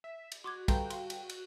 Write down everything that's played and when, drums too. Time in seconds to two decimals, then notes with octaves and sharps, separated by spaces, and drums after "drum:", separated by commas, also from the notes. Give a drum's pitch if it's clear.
0.04 E5
0.32 drum: cymbal
0.44 F#4 C6 D6 G#6
0.68 G3 A4 B4 F5 G5 A#5 C6, drum: kick, cymbal
0.90 F5 C6, drum: cymbal
1.10 drum: cymbal
1.30 drum: cymbal